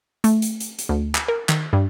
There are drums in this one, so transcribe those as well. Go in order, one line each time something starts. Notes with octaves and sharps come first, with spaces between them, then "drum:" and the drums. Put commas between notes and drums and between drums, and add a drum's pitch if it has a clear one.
A3, drum: hi-hat
drum: hi-hat
drum: hi-hat
drum: hi-hat
D2
drum: clap
A#4
D#3, drum: clap
G2